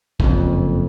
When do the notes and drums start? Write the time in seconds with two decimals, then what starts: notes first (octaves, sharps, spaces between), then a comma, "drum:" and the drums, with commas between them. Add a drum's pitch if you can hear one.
0.20 F#1 F2, drum: kick